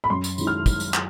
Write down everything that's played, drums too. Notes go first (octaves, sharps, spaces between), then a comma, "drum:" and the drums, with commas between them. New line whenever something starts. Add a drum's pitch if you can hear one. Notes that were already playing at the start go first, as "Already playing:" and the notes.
B5
F#2 C6
drum: tambourine
D#3 G#3 C#4 E4, drum: tambourine
F6
drum: kick, tambourine
drum: tambourine
drum: clap